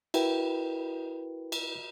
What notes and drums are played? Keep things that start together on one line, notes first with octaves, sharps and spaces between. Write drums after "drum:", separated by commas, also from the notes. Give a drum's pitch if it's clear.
E4 F#4 A#4 B4 G5, drum: cymbal
drum: cymbal